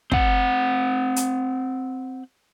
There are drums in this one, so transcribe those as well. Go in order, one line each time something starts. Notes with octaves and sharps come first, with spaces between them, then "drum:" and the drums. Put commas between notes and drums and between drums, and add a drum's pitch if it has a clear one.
C4 F#5, drum: kick
drum: hi-hat